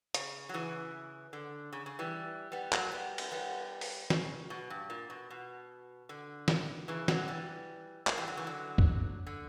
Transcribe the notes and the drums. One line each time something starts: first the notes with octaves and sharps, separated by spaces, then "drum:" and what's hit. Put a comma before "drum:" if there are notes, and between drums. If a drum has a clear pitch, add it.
C#3, drum: hi-hat
F#3
C#3 E3
D3
C#3
C#3
E3 G3
G3 B3
F#3 A#3, drum: clap
G3 B3
drum: cymbal
G3 B3
drum: open hi-hat
C#3, drum: snare
B2
G2
A#2
B2
B2
D3
drum: snare
C#3 E3
D3 F#3, drum: snare
E3 G3
F#3 A#3, drum: clap
E3 G3
D3 F#3
C#3 E3
D3 F#3
drum: kick
D3